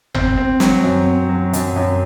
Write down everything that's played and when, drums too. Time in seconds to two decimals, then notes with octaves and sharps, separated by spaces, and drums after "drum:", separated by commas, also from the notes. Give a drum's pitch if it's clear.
0.14 C4, drum: tom G1
0.37 C4
0.60 F#3, drum: snare
0.84 F#2
1.06 C4
1.29 F#3
1.53 F#2, drum: hi-hat
1.76 F#2